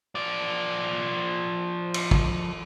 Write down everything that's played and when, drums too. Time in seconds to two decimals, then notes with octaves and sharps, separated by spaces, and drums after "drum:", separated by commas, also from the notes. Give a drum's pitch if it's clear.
0.15 F3 D5
1.94 drum: cymbal
2.11 drum: kick